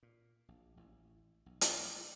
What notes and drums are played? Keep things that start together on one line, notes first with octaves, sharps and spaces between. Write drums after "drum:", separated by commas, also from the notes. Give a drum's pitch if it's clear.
A#2
A#1
A1
B1
drum: hi-hat